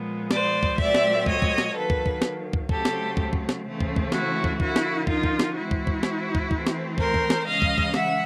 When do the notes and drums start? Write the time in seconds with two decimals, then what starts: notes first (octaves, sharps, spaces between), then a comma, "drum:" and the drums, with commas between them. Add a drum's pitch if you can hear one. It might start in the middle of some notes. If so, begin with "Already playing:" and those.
Already playing: A#2 F3 G#3 B3
0.31 C5 D5, drum: snare
0.63 drum: kick
0.78 A#2 F#3 A3 C4 D5 E5, drum: kick
0.95 drum: snare
1.26 C#5 D#5, drum: kick
1.42 drum: kick
1.58 drum: snare
1.74 D#3 F#3 A#3 A4 B4
1.90 drum: kick
2.06 drum: kick
2.22 drum: snare
2.53 drum: kick
2.69 C#3 F#3 A3 C4 G4 A4, drum: kick
2.85 drum: snare
3.17 drum: kick
3.33 drum: kick
3.49 drum: snare
3.64 C#3 E3 A3 C4
3.81 drum: kick
3.96 drum: kick
4.12 E4 F#4, drum: snare
4.44 drum: kick
4.60 D3 F3 A#3 E4 F#4, drum: kick
4.76 drum: snare
5.07 D#4 F4, drum: kick
5.24 drum: kick
5.39 drum: snare
5.55 E3 G#3 C4 E4 F#4
5.71 drum: kick
5.87 drum: kick
6.03 drum: snare
6.35 drum: kick
6.51 E3 A3 C4, drum: kick
6.67 drum: snare
6.98 A#4 C5, drum: kick
7.14 drum: kick
7.30 drum: snare
7.46 C#3 E3 G#3 D#5 F5
7.62 drum: kick
7.78 drum: kick
7.94 E5 F#5, drum: snare